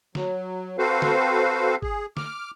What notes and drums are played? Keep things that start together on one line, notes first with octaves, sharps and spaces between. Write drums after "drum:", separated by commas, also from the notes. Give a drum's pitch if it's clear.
F#3, drum: snare
C4 F#4 A4 B4 C5 F5
drum: snare
G#4, drum: kick G1
D6 F6, drum: snare